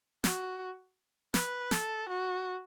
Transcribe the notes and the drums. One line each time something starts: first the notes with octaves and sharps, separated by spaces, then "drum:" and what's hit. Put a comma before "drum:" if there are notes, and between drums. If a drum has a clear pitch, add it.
F#4, drum: snare
B4, drum: snare
A4, drum: snare
F#4